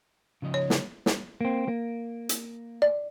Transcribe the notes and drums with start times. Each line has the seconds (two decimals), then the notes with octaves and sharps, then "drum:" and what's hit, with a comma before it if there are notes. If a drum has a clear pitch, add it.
0.42 C#3 F3 D#5
0.54 C#5
0.70 drum: snare
1.06 drum: snare
1.41 A#3 C4
1.68 A#3
2.29 drum: hi-hat
2.82 D5